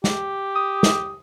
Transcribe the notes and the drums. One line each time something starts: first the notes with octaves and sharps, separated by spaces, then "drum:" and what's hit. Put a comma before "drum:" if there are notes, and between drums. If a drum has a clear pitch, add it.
G4, drum: snare
D#6
drum: snare